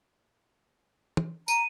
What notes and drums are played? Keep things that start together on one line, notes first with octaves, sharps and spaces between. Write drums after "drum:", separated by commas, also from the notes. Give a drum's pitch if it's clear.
drum: tom
A#5 D#7, drum: tambourine